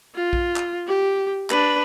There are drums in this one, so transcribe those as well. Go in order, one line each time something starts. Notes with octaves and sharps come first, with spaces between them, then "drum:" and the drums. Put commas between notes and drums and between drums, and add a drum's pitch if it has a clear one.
F4
drum: kick A#1
drum: clap
G4
D4 B4, drum: clap